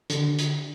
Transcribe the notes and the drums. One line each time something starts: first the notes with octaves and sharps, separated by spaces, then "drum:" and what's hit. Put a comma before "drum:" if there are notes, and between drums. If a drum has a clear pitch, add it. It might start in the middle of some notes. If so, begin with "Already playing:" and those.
D3, drum: hi-hat
drum: hi-hat